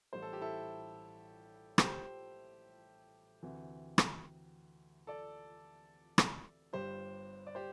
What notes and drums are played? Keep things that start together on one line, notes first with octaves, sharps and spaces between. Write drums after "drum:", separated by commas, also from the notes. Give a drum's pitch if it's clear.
A1 A2 G3 C5
A4
G4
E4 A4
G4 C5, drum: rim click
D2 C3 E3
drum: rim click
A4 D5
drum: rim click
G1 G2 G3 G4 C5
D5
G4 C5